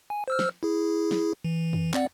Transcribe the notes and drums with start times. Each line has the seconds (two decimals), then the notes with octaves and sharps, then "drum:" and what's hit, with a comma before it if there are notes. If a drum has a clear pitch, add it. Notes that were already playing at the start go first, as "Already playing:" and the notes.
0.10 G#5
0.28 C5 E6 F6
0.39 drum: snare
0.63 E4 G#4
1.11 drum: snare
1.44 E3
1.73 drum: tom F2
1.94 C4 D5 F#5, drum: clap